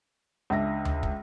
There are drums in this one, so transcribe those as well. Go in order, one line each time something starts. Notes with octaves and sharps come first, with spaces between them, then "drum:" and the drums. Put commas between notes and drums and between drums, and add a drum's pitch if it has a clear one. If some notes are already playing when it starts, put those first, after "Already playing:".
C#2 D4 E5 A#6
drum: tom D2
drum: kick